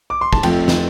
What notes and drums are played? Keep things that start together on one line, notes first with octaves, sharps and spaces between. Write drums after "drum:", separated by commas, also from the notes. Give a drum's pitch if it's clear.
D6
C6
A5, drum: kick
F2 F3 A3 C4 G5, drum: cymbal
drum: snare